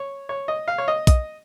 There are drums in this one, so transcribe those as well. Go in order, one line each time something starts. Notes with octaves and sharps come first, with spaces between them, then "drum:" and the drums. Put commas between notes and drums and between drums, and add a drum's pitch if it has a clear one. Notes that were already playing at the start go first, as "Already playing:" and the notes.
Already playing: C#5
C#5
D#5
F5
C#5
D#5
D#5, drum: kick B1, hi-hat